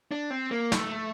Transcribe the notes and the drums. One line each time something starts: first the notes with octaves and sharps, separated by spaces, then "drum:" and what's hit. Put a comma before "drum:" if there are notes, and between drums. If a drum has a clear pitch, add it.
D4
C4
A#3
A3, drum: snare